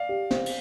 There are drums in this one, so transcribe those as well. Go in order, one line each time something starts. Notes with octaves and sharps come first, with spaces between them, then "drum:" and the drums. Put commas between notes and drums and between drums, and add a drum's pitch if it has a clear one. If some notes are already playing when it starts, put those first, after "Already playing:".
Already playing: D5 F5
G4
C4, drum: snare
drum: cymbal